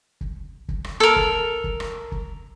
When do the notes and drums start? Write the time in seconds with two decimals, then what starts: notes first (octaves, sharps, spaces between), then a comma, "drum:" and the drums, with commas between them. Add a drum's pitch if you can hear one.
0.21 drum: kick
0.68 drum: kick
0.84 drum: rim click
1.00 A4 A#4
1.16 drum: kick
1.64 drum: kick
1.80 drum: rim click
2.12 drum: kick